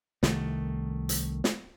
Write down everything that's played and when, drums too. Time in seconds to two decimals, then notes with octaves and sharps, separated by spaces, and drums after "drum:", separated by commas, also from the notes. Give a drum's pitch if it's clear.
0.23 C2 D#3 E3 A3, drum: snare
1.09 drum: hi-hat
1.44 drum: snare